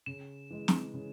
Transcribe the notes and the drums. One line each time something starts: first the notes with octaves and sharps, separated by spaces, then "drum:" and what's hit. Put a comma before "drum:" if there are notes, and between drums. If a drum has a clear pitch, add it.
C#3 E7
E3 G#3
drum: snare
C#3